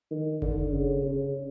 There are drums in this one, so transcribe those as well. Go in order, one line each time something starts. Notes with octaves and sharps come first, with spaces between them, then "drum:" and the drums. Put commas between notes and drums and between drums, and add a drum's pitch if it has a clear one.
D#3
D3, drum: kick F#1
C#3
C#3